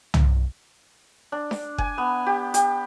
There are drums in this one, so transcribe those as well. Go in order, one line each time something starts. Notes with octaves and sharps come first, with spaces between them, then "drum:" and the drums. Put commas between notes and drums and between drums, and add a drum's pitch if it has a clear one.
drum: tom
D4
drum: snare D4
G#5, drum: kick F#1
B3
G4
G4, drum: hi-hat